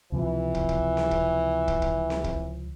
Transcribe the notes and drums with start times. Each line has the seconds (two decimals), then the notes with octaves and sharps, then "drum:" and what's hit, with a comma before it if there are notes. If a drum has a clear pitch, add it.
0.12 C#2 C3 E3 F3
0.55 drum: kick
0.69 drum: kick
0.97 drum: snare C4
1.11 drum: kick
1.68 drum: kick
1.82 drum: kick
2.10 drum: snare C4
2.24 drum: kick